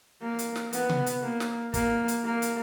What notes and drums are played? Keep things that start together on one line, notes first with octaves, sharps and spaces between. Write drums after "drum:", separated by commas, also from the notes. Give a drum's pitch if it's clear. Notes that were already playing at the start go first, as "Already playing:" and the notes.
A#3
drum: hi-hat
drum: snare
B3, drum: hi-hat
drum: tom C3
drum: hi-hat
A#3
drum: snare
A#3, drum: kick, hi-hat
drum: hi-hat
A#3
drum: hi-hat